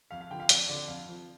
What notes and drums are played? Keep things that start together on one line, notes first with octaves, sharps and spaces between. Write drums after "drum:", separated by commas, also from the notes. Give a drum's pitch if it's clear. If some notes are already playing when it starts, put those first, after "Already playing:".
F2 F5
F5
D3 F3 G5
F5
F2 D5, drum: hi-hat
D3 F3 D5
F2 F5
F3